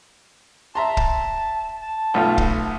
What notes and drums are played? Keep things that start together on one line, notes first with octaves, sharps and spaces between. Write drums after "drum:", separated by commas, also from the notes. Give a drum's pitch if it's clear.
E5 A5 A#5 C6
drum: kick
A5
B1 A3 F4
drum: kick